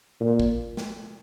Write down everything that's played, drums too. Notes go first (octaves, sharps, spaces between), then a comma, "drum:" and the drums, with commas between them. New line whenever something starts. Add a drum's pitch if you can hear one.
A#2
drum: kick
drum: snare